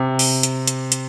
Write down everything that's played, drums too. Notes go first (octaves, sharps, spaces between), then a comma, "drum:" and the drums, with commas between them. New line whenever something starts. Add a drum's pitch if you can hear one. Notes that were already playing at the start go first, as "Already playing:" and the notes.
Already playing: C3
drum: open hi-hat
drum: hi-hat
drum: hi-hat
drum: hi-hat